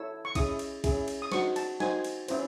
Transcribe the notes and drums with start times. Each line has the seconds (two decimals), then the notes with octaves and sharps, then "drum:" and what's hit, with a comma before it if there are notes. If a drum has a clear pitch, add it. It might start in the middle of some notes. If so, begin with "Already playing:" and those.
Already playing: E4 A4 C#5 E6
0.25 C#6
0.35 C#4 E4 G#4 D#6, drum: kick B1, cymbal
0.59 drum: cymbal
0.84 C#4 E4 G#4, drum: kick B1, cymbal
1.08 drum: cymbal
1.22 D#6
1.32 D#4 F#4 C5 C#6, drum: snare
1.56 A5, drum: cymbal
1.80 D#4 F#4 C5 G#5, drum: snare
2.04 drum: cymbal
2.28 C#4 E4 C5, drum: cymbal